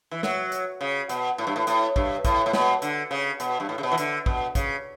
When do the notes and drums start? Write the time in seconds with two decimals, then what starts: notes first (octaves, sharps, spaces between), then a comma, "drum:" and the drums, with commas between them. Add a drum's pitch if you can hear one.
0.11 E3
0.23 F#3, drum: snare
0.52 drum: hi-hat
0.81 C#3
1.09 B2, drum: hi-hat
1.38 A2
1.47 G2
1.56 A2
1.67 A2, drum: hi-hat
1.96 G2, drum: kick
2.25 A2, drum: kick, hi-hat
2.46 A2
2.53 B2, drum: snare
2.82 D3, drum: hi-hat
3.11 C#3
3.40 B2, drum: hi-hat
3.60 G2
3.69 A2
3.78 C#3
3.83 B2
3.92 E3
3.98 D3, drum: hi-hat
4.26 B2, drum: kick
4.55 C#3, drum: kick, hi-hat